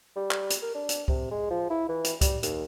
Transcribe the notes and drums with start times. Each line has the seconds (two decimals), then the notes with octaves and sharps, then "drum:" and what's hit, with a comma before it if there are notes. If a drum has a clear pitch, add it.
0.16 G3
0.31 drum: clap
0.50 drum: hi-hat
0.63 A#4
0.75 D4
0.89 drum: hi-hat
1.08 C3, drum: kick
1.31 G#3
1.50 F3
1.70 E4
1.89 E3
2.04 drum: hi-hat
2.21 G3, drum: kick, hi-hat
2.43 D#2, drum: hi-hat